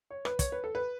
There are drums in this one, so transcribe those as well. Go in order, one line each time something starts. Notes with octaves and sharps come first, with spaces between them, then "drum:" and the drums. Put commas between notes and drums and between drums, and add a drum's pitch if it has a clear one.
C#5
B4, drum: rim click
C#5, drum: kick, hi-hat
B4
A4
B4